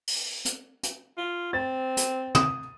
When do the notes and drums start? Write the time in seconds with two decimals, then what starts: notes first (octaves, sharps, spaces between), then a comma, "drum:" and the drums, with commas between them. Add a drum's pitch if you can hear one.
0.07 drum: open hi-hat
0.45 drum: hi-hat
0.83 drum: hi-hat
1.18 F4
1.53 C4 A6
1.97 drum: hi-hat
2.35 D#6, drum: tom